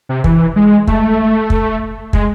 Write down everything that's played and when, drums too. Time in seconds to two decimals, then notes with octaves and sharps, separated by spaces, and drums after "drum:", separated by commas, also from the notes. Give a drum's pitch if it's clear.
0.09 C3
0.24 E3, drum: kick
0.56 G#3
0.87 A3, drum: kick
1.50 drum: kick
2.13 G#3, drum: kick